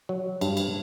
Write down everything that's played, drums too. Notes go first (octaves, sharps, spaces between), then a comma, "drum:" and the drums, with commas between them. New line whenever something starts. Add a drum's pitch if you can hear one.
F#3
G2, drum: cymbal
drum: cymbal